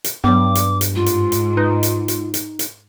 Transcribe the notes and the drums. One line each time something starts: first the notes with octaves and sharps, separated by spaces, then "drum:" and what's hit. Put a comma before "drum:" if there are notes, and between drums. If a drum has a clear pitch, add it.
drum: hi-hat
G2 F#3 B3 D6
drum: hi-hat
drum: hi-hat
G#2 F4
drum: hi-hat
drum: hi-hat
D#4 B4
drum: hi-hat
drum: hi-hat
drum: hi-hat
drum: hi-hat